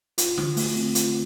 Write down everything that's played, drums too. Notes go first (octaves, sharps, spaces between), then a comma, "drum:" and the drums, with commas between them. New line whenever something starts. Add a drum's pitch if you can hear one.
F4, drum: hi-hat
D3, drum: snare
A3, drum: open hi-hat
C4
F4, drum: hi-hat